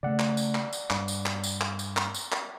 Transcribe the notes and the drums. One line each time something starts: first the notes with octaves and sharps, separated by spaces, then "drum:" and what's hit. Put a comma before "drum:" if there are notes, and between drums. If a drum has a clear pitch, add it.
C#3 A3 D5 F#5
drum: clap
drum: tambourine
drum: clap
drum: tambourine
G2, drum: clap
drum: tambourine
drum: clap
drum: tambourine
drum: clap
drum: tambourine
drum: clap
drum: tambourine
drum: clap